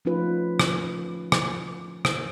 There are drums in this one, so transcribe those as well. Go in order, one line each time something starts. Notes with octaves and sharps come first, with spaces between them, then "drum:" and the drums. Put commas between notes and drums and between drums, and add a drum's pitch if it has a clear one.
F3 A3 C#4 D#4 F4 B4
drum: rim click
drum: rim click
drum: rim click